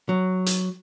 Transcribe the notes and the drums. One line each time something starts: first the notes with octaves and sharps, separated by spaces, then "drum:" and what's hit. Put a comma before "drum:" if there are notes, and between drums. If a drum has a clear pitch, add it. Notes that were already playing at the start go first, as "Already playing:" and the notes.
F#3
drum: hi-hat